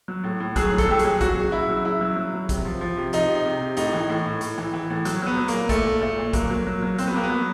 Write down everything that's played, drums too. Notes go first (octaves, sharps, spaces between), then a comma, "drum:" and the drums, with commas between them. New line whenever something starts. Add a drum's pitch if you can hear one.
F#3
A2
A2
F#3 G#4, drum: kick, hi-hat
A2
A4, drum: kick, hi-hat
F#3 G4
G#4, drum: hi-hat
F#3
F#3 F#4, drum: kick, hi-hat
C#3
C#3 E4
F#3
C#3 E4
F#3
F#3
F#3
C3, drum: kick, hi-hat
F3
F3
C3
F3 D#4, drum: hi-hat
C3
C3
C3
A2 D#4, drum: hi-hat
E3
A2
A2
A2, drum: hi-hat
E3
E3
A2
F#3, drum: hi-hat
F#3 B3
F#3
A#3, drum: hi-hat
A#2
A#2 A3, drum: kick, hi-hat
A#2
A#2 A3
A#2
F#3 A#3, drum: kick, hi-hat
F#3
F#3
F#3
F#3 C4, drum: hi-hat
B3
F#3 A#3
B3
F#3